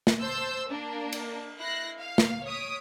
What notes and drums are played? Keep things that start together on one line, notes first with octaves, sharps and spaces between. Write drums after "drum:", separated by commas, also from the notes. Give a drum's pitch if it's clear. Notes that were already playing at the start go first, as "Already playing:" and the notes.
drum: snare
C5 A5 E6 G6
A#3 D4
drum: cymbal
E4 F#6 A#6 C7
F5
drum: snare
C#5 D#6 B6 D7